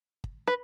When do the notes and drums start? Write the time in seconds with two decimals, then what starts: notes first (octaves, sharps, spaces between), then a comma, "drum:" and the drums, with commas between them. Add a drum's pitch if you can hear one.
0.24 drum: kick
0.48 B4